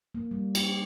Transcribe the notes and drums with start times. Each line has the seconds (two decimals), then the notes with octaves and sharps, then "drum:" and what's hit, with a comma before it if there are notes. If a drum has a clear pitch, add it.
0.15 A#3
0.31 G3
0.55 G4, drum: cymbal